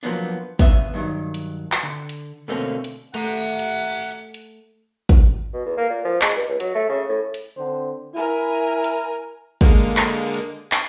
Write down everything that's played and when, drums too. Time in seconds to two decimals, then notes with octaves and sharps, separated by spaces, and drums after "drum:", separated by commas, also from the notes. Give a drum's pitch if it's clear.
0.03 F3 F#3 A#3 B3 D4
0.59 C#3 B3 D4 E5, drum: kick, hi-hat
0.94 G2 D#3 F#3
1.34 drum: hi-hat
1.72 drum: clap
1.83 D3
2.09 drum: hi-hat
2.48 B2 D3 A3 A#3 C4 C#4
2.84 drum: hi-hat
3.15 A3 E5 F#5 A#5
3.59 drum: hi-hat
4.34 drum: hi-hat
5.09 drum: kick, hi-hat
5.54 B2
5.66 E2
5.77 A#3
5.90 A#2
6.05 F3
6.21 G#3, drum: clap
6.36 G2
6.48 C#2
6.60 F#3, drum: hi-hat
6.75 A3
6.89 C#3
7.09 A2
7.34 drum: hi-hat
7.57 D3 C4 C5
8.15 E4 A#4 G#5
8.84 drum: hi-hat
9.61 D3 G#3 A#3, drum: kick, hi-hat
9.97 drum: clap
10.34 drum: hi-hat
10.72 drum: clap